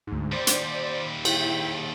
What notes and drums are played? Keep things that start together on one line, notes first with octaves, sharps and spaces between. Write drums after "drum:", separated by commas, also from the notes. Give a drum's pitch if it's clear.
D2 G#2
D#2 G3 C5 D5
drum: hi-hat
E4 G5 B6, drum: cymbal